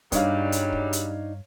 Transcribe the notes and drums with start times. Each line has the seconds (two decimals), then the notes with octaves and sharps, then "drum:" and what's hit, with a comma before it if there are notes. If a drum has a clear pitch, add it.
0.12 G2 C#3 F#3 G3 D4 D#4 C#5 F5, drum: kick, hi-hat
0.52 drum: hi-hat
0.72 drum: kick
0.93 drum: hi-hat